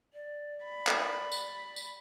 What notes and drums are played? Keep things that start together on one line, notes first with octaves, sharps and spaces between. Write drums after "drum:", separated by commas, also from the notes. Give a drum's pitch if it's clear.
D5
B5
drum: clap
drum: tambourine
drum: tambourine